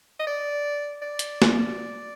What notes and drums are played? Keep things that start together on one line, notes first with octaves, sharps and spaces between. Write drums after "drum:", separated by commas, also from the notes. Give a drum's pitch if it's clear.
D#5
D5
D5
drum: hi-hat
drum: snare